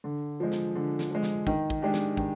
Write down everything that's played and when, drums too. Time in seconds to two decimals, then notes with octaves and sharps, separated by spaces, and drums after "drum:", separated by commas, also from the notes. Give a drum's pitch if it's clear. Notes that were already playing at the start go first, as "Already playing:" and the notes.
0.04 D3
0.40 F3 G#3
0.52 drum: snare
0.75 D3
0.99 drum: snare
1.11 F3 G#3
1.23 drum: snare
1.47 D#3, drum: kick
1.70 drum: kick
1.82 G#3 D4 G4
1.94 drum: snare
2.17 D#3, drum: kick